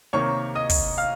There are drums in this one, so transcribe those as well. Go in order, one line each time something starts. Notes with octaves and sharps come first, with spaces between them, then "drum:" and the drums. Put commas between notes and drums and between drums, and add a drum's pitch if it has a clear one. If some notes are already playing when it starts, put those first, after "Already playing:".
C3 D#3 A#3 C#5 C#6
D#5 D#6
drum: kick, open hi-hat
F5 F6